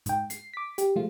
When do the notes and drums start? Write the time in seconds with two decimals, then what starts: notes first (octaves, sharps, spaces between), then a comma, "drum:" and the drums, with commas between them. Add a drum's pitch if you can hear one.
0.06 G#2 G5, drum: hi-hat
0.30 C7, drum: hi-hat
0.54 D6 B6
0.78 G4, drum: hi-hat
0.96 F3 G#3 A3 F4